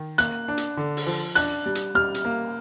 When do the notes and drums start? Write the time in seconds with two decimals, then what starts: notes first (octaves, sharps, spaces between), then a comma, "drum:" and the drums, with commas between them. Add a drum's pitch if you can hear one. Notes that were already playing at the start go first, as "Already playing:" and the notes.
Already playing: D#3
0.18 A#3 F#6, drum: hi-hat
0.48 D4
0.57 drum: hi-hat
0.77 D3
0.97 drum: open hi-hat
1.06 F3
1.35 D4 F#6, drum: hi-hat
1.66 G3
1.75 drum: hi-hat
1.95 G3 F6
2.14 drum: hi-hat
2.25 A#3